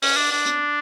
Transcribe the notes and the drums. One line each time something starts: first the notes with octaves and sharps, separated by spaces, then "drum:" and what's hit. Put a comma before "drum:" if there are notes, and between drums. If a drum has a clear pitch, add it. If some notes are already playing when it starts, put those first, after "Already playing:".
C#4, drum: open hi-hat
D4
D4
drum: hi-hat